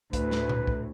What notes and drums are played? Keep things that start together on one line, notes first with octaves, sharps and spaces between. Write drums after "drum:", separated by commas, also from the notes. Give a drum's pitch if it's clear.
D2 A2 B4, drum: kick, hi-hat
drum: snare
drum: tom A#2
drum: kick